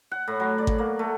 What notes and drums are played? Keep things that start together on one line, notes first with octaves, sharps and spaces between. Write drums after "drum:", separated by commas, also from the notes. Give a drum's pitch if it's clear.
F#5
A2
F#3
D5
drum: kick G#1
A#3
A3